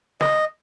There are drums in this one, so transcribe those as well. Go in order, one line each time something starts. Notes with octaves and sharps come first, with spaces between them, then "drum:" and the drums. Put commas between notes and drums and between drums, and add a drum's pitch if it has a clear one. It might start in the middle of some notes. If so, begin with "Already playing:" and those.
D#5, drum: snare